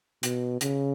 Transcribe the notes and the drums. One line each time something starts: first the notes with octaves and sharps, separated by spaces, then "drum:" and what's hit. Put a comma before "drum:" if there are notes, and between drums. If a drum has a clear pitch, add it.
B2, drum: hi-hat
C#3, drum: hi-hat